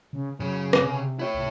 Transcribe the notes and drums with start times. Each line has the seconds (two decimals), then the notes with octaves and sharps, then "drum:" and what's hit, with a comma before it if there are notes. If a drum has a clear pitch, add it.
0.13 C#3
0.40 F#2 C#3
0.73 drum: rim click
0.85 C3
1.20 E4 C#5
1.35 C2